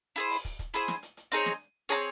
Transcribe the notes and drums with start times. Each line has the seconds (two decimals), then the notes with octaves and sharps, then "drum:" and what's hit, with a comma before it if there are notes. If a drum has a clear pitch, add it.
0.16 E4 G#4 C5
0.30 drum: open hi-hat
0.45 drum: kick, hi-hat
0.59 drum: kick, hi-hat
0.74 E4 G#4 C5, drum: hi-hat
0.88 drum: snare
1.03 drum: hi-hat
1.17 drum: hi-hat
1.32 C4 D#4 G#4 C#5, drum: hi-hat
1.46 drum: snare
1.89 C4 D#4 G#4 C#5, drum: hi-hat